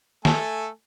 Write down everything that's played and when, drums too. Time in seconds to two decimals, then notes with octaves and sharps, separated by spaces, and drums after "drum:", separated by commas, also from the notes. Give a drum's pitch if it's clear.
0.25 A3 A4 G#5, drum: snare